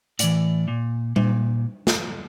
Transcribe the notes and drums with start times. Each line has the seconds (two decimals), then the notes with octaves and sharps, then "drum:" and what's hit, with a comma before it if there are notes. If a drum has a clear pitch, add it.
0.19 A2 E3 D5, drum: hi-hat
0.68 A#2
1.16 A#2, drum: tom G3
1.87 drum: snare